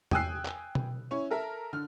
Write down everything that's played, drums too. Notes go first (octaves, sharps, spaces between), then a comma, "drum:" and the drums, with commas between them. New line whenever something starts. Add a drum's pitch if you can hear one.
G5 G#5 D#6 E6 F#6 C7, drum: tom E2
drum: clap
drum: tom B2
C#4 E4 C#5
A4 A#4 E5
D3 F6